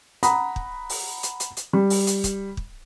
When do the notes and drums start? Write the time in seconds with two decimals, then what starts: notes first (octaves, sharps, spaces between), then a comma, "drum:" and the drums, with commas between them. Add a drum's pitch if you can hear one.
0.23 F#5 A#5 B5 D#6, drum: hi-hat
0.56 drum: kick
0.89 drum: open hi-hat
1.23 drum: hi-hat
1.40 drum: hi-hat
1.57 drum: hi-hat
1.73 G3
1.90 drum: open hi-hat
2.07 drum: hi-hat
2.24 drum: kick, hi-hat
2.57 drum: kick